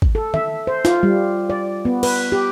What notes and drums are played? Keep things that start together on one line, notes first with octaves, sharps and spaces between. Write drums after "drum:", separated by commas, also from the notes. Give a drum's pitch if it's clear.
drum: kick G#1
A4
E5, drum: tom D#3
C5
F4, drum: snare
G3
D5
B3
B4, drum: cymbal
G4